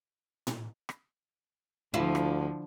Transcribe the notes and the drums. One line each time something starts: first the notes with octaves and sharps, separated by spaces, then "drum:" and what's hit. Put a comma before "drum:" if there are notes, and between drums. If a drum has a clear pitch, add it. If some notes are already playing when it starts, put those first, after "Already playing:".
drum: tom A2
drum: rim click
D2 D3 F3 E4 F4
drum: rim click